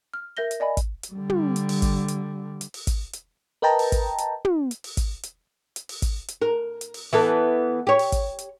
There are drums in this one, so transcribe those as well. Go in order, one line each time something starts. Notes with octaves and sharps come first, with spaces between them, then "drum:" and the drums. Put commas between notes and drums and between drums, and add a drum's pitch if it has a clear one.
F6
A#4 E5 G6 A#6 G7
drum: hi-hat
D5 D#5 G#5 B5
drum: kick, hi-hat
drum: hi-hat
D3 G3
drum: tom
drum: hi-hat
drum: open hi-hat
drum: kick, hi-hat
drum: hi-hat
drum: hi-hat
drum: open hi-hat
drum: kick, hi-hat
drum: hi-hat
A#4 B4 D#5 G5 A5 A#5
drum: open hi-hat
drum: kick, hi-hat
drum: hi-hat
drum: tom
drum: hi-hat
drum: open hi-hat
drum: kick, hi-hat
drum: hi-hat
drum: hi-hat
drum: open hi-hat
drum: kick, hi-hat
drum: hi-hat
A#4
drum: hi-hat
drum: open hi-hat
E3 B3 A4
G4 C#5
drum: open hi-hat
drum: kick, hi-hat
drum: hi-hat